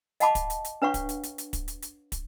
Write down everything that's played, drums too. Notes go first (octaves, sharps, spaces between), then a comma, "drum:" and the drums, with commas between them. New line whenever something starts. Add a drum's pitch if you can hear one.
D#5 F5 F#5 A5 B5 D6, drum: hi-hat
drum: kick, hi-hat
drum: hi-hat
drum: hi-hat
D4 B4 C#5 F5 F#5 C#6
drum: kick, hi-hat
drum: hi-hat
drum: hi-hat
drum: hi-hat
drum: kick, hi-hat
drum: hi-hat
drum: hi-hat
drum: kick, hi-hat